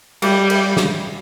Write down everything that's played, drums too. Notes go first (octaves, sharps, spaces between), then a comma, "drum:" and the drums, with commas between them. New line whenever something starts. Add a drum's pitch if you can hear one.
G3, drum: cymbal
drum: cymbal
drum: snare